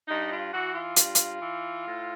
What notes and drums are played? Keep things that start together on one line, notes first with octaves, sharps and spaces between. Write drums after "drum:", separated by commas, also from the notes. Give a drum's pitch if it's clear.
G2 D#4
F4
E3 F#4
F4
G2, drum: hi-hat
drum: hi-hat
E3
A2